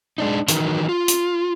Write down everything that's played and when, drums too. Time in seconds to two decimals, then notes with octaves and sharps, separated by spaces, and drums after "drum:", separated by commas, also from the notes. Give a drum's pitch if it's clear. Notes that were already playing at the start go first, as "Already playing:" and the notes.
0.18 G#3 D4 D#4
0.48 D#3 E3 F#3 D#4 A#4 B4, drum: hi-hat
0.89 F4
1.08 drum: hi-hat